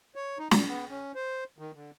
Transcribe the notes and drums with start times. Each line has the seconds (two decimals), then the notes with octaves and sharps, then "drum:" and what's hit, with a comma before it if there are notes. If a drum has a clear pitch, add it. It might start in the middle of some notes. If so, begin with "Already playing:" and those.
0.15 C#5
0.39 D#4
0.51 A#2, drum: snare
0.68 B3
0.89 C#4
1.15 C5
1.59 D#3
1.75 D3